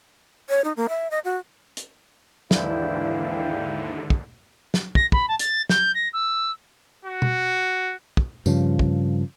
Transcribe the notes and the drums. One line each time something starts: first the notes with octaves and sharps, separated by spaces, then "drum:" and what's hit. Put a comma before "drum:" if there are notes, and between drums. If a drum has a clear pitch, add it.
C#5
D#4
A#3
E5
D#5
F#4
drum: hi-hat
D#2 G#2 D3 E3 D4 E4 F5 G5, drum: snare
drum: kick
drum: snare
A#6, drum: kick
B5, drum: kick
A5
A6, drum: hi-hat
G6, drum: snare
A#6
E6
F#4
drum: tom
drum: kick
G2 C#3 F3, drum: tambourine
drum: kick